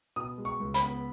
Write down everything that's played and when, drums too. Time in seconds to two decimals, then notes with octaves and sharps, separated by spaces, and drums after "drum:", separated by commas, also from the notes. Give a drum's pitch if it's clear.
0.16 B2 D#6
0.38 G#3
0.45 C#6
0.60 C#2
0.74 B5, drum: hi-hat
0.82 B3